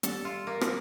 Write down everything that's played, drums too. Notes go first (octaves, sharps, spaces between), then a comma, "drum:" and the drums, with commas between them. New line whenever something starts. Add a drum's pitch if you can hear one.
G3 A4, drum: hi-hat
F4
A#3
drum: rim click